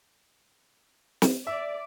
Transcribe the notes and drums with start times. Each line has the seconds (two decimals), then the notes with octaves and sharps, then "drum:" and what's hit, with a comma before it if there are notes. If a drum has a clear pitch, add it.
1.22 drum: snare
1.47 D5 E5